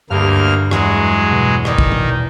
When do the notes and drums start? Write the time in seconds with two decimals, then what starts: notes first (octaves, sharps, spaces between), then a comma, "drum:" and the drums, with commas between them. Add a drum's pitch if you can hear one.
0.10 D2 G2 A#3 F6
0.71 E2 F#3 G#3, drum: rim click
1.31 B2
1.65 D#3 D#4 D5 G#5, drum: rim click
1.78 drum: kick
1.92 drum: tom